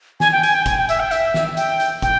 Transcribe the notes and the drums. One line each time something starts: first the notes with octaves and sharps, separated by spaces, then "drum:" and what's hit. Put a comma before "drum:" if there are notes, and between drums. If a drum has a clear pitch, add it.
G#5, drum: snare
G5
G#5, drum: hi-hat
G5
G#5, drum: kick, hi-hat
G5
E5, drum: hi-hat
G5
E5, drum: hi-hat
drum: snare
G5, drum: hi-hat
drum: hi-hat
G5, drum: kick, hi-hat